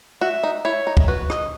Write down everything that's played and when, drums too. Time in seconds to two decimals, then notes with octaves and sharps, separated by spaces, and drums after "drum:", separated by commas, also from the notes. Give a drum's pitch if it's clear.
0.21 F#4 E5
0.43 D#4
0.65 E4 C#5
0.87 D#4
0.97 drum: kick
1.08 F#4 B4
1.30 D#5, drum: rim click